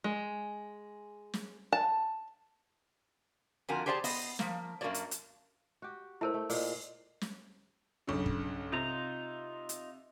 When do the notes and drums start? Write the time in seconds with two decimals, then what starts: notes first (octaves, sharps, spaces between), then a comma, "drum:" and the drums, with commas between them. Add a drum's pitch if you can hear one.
0.04 G#3
1.34 drum: snare
1.72 A5
3.69 F2 D3 F3 F#4 A#4 G#5
3.86 G4 G#4 C5 D5 F#5 A5
4.04 B3 D#5, drum: open hi-hat
4.39 F3 A#3, drum: snare
4.81 F#2 A#3 D4 F#4 C#5 D5
4.94 drum: hi-hat
5.11 drum: hi-hat
5.82 F#4 G4
6.21 A3 E4 A#4 C5 G5
6.34 A3
6.50 A#2 G#3, drum: open hi-hat
7.21 drum: snare
8.07 B1 G2 C#3
8.26 drum: kick
8.72 C3 D#4 F4 A#5
9.69 drum: hi-hat